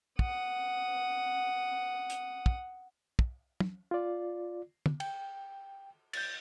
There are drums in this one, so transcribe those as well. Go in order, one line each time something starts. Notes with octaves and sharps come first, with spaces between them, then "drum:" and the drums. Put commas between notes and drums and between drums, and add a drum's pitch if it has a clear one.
F#5 D#6, drum: kick
drum: hi-hat
drum: kick
drum: kick
drum: tom
F4 D5
drum: tom
G5, drum: cymbal
G6 A6, drum: cymbal